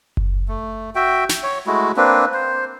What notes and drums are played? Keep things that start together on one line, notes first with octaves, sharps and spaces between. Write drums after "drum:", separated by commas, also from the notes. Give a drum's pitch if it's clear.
drum: kick F#1
A3
F#4 E5 G5
drum: snare
C#5
G#3 A3 E4 F#4
A#3 C4 D4 B4
C5